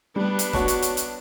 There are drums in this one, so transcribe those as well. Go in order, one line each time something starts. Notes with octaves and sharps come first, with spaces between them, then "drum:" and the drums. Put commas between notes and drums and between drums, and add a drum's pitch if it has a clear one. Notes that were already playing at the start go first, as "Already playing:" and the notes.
G3 B3 D4
drum: hi-hat
F#4 C#5 A5, drum: snare E1
drum: hi-hat
drum: hi-hat
drum: hi-hat